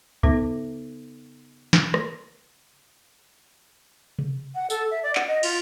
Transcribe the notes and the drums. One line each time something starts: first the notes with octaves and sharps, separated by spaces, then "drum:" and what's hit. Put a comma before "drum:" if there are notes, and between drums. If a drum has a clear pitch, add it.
C#3 B3 D#4 A4 E5 A#6, drum: kick C2
drum: snare
drum: rim click
drum: tom C3
F#5
A4, drum: tambourine
E5
D5
F#5, drum: clap
D#5
F4, drum: cymbal